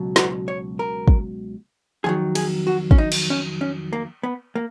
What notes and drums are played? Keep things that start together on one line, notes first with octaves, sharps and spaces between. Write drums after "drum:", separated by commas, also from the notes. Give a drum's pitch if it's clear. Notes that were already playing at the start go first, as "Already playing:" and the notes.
Already playing: C#2 B2 F#3
F#4, drum: snare
C#5
A#4
drum: kick
F2 D#3 F#3 G#4
G#4, drum: cymbal
F#4
C#4, drum: kick
D#4
drum: cymbal
C#4
C#4
A#3
B3
A#3